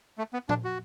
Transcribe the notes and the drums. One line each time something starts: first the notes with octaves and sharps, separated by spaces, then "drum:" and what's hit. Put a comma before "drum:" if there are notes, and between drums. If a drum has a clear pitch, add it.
A3
B3
D4, drum: tom A#2
F#4